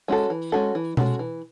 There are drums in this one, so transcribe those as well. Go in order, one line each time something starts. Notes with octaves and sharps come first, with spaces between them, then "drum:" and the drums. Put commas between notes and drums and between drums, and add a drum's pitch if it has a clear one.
G#3 C#4 F#4 A4
E3
G#3 C#4 F#4 A4
E3
G#3 C#4 F#4 A4, drum: tom B2
E3